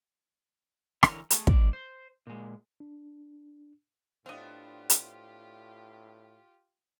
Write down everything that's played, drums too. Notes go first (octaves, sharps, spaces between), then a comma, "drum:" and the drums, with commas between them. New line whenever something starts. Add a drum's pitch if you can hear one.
D3 E3 A#4 C#5, drum: rim click
A3 G#4 A4, drum: hi-hat
B1 G#2 D5, drum: kick
C5
A#2 G#3
D4
A2 B3 C4 D4 F4 G4 D#5 F5
drum: hi-hat